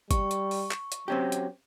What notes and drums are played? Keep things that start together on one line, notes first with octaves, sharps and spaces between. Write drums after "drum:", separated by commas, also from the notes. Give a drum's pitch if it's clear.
G3 C#6, drum: kick G1, hi-hat
drum: hi-hat
drum: open hi-hat
drum: clap
drum: hi-hat
F#3 C4 C#4 G4
drum: hi-hat